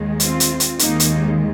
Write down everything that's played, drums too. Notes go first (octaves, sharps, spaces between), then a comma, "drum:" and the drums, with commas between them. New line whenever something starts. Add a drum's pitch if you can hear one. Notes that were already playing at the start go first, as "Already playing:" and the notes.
Already playing: D#2 D#3 G#3
C4 F4, drum: hi-hat
drum: hi-hat
drum: hi-hat
D#2 D#3 G#3 A#3 D#4, drum: hi-hat
drum: hi-hat